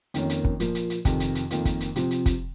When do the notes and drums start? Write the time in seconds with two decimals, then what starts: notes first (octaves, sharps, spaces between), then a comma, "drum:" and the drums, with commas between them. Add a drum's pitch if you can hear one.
0.14 F2 D#3 A#3 C#4, drum: hi-hat
0.29 drum: hi-hat
0.45 drum: kick
0.60 A#2 F3 A#3, drum: hi-hat
0.75 drum: hi-hat
0.90 drum: hi-hat
1.05 F2 C3 D#3, drum: kick, hi-hat
1.20 drum: hi-hat
1.35 drum: hi-hat
1.51 F2 D#3 A#3 F4, drum: hi-hat
1.65 drum: kick, hi-hat
1.80 drum: hi-hat
1.96 C3 F3 C4, drum: hi-hat
2.11 drum: hi-hat
2.26 drum: kick, hi-hat